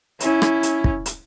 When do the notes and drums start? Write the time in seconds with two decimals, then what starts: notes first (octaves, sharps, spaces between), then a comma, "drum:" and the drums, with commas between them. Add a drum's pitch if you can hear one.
0.20 C#4 E4, drum: hi-hat
0.42 drum: rim click
0.63 drum: hi-hat
0.84 drum: kick
1.06 drum: hi-hat